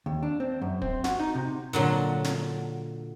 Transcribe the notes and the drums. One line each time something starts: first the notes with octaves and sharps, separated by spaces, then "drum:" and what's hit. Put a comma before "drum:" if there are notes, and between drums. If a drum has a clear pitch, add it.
D#2
D4
C4
F#2
C4, drum: kick
F#4, drum: snare
D#4
C3
A#2 D3 F#3
drum: snare